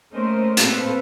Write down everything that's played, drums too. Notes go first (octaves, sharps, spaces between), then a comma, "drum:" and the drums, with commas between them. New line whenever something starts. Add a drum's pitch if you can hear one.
A3 A#3 C#4 A#4 C5 D#5
A#2 C4 A4 B4 C5 F5, drum: hi-hat